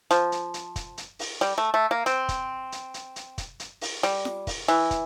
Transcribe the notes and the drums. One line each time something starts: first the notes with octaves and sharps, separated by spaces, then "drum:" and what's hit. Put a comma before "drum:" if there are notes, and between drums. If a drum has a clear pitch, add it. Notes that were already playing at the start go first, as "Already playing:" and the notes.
F3, drum: hi-hat
drum: hi-hat
drum: hi-hat
drum: kick, hi-hat
drum: hi-hat
drum: open hi-hat
G3, drum: hi-hat
A3
A3
A#3
C4, drum: hi-hat
drum: kick, hi-hat
drum: hi-hat
drum: hi-hat
drum: hi-hat
drum: kick, hi-hat
drum: hi-hat
drum: open hi-hat
G3, drum: hi-hat
drum: snare F4
drum: kick, open hi-hat
E3, drum: hi-hat
drum: kick, hi-hat